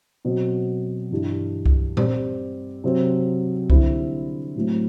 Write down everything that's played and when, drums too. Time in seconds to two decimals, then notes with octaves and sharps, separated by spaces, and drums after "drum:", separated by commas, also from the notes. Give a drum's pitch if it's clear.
0.25 B2 F#3 C4
1.11 G2 E3 G3 D4
1.66 drum: kick C2
1.97 G3 C4 G4 D5, drum: tom A#2
2.84 C3 F#3 C4
3.70 D3 G3 C4 E4, drum: kick C2
4.56 A2 F#3 A3 C4